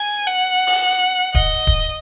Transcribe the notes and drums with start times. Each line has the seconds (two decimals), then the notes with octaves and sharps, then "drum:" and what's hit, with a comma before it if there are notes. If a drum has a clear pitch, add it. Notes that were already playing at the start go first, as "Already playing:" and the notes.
Already playing: G#5
0.27 F#5
0.67 drum: open hi-hat
1.35 D#5, drum: kick D1
1.67 drum: kick D1